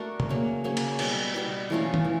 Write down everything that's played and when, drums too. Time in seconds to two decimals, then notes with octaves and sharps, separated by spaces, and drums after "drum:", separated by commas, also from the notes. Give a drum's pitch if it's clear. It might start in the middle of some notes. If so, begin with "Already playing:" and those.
Already playing: A3 D4 F#4 A#4
0.20 drum: tom
0.29 C#3 F#3 A#3
0.64 C#3 F#3 A#3
0.77 drum: cymbal
0.99 B2 G3 B3, drum: cymbal
1.34 B2 G3 B3
1.70 E3 A3 C#4 F4
1.94 drum: tom
2.05 E3